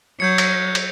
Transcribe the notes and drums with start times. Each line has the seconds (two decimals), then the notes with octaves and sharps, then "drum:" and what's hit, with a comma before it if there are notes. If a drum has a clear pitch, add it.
0.20 F#3 G6 G#6 C#7
0.38 drum: cymbal
0.75 drum: cymbal